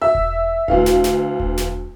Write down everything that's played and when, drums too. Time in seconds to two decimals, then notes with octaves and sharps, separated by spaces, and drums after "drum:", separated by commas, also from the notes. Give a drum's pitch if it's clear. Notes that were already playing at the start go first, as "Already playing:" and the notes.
0.02 E5 E6
0.15 drum: kick E1
0.68 D2 E3 F5, drum: kick E1
0.86 drum: snare
1.04 drum: snare
1.40 drum: kick E1
1.58 drum: snare